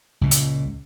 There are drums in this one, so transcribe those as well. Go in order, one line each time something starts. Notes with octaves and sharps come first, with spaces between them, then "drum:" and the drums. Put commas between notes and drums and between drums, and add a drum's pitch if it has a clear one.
C#2 A#2
drum: hi-hat